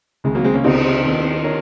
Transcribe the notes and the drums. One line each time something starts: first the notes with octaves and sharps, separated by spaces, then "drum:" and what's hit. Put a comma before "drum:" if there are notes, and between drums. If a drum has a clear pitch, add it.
C#2 C3 D#3 G#3
F#3 A#3
G#3 C4
A#3 C#4
C#2 C3 D#3 C4 D#4, drum: cymbal
D#2 D#3
D#3 A#4 C#5